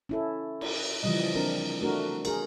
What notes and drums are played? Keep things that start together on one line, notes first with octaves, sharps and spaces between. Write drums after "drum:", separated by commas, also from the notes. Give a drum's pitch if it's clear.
C#4 E4 A4
drum: cymbal
C#3 E3 F3 G3 D#5
C4 D4 A#4
A3 D4 F#4 A#4
G#4 A#4, drum: cymbal